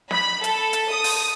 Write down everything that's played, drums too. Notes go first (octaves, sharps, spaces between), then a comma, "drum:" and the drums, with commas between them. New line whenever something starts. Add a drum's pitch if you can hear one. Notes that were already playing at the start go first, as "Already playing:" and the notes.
B5, drum: snare
A4, drum: hi-hat
drum: hi-hat
D#6
drum: open hi-hat